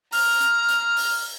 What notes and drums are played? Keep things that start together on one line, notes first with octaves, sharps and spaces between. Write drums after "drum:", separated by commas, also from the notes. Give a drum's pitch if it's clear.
A#5 F6, drum: open hi-hat
drum: hi-hat
drum: hi-hat
drum: open hi-hat